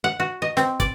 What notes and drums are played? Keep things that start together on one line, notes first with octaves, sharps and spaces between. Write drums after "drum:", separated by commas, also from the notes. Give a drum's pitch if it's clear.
F#5
F#4
D#5
C4, drum: snare
D5, drum: kick, hi-hat